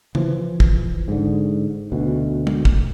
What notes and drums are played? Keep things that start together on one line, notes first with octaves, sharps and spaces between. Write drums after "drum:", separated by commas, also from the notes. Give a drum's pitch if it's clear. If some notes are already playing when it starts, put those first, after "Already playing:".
E3 F3, drum: tom
drum: kick
G#2 D3
D2 B2
drum: tom
drum: kick